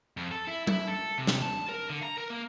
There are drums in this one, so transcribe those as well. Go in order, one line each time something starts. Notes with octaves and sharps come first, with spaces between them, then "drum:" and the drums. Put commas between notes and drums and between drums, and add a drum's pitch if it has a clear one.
F2
A4
E4
E4, drum: tom F#3
A4
C3
drum: snare
A5
A#4
D3
A#5
A#4
A#3